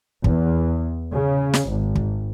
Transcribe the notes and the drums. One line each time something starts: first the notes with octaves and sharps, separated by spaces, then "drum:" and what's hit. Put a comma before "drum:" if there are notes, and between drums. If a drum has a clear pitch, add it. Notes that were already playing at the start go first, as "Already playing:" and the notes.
E2, drum: kick
C#3
drum: snare
G#1
drum: kick